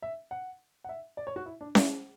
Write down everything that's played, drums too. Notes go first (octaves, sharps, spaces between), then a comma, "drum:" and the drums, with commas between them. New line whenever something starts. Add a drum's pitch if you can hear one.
E5
F#5
F#5
E5
D5
C#5
F#4
E4
D4
E4, drum: snare C#4